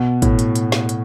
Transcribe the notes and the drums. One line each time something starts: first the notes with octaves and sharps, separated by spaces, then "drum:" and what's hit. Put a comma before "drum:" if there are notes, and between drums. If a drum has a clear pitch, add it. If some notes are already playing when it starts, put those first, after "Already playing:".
Already playing: B2
A2, drum: kick, hi-hat
drum: hi-hat
drum: hi-hat
drum: snare
drum: hi-hat